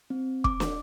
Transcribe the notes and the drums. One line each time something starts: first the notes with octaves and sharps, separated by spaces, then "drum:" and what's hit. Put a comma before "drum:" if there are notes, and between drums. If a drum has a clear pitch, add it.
C4
D6, drum: kick
drum: snare